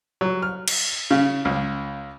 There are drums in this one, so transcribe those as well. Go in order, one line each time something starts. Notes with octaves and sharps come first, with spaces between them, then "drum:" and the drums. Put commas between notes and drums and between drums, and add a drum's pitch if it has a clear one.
F#3
F6
drum: cymbal
C#3
C#2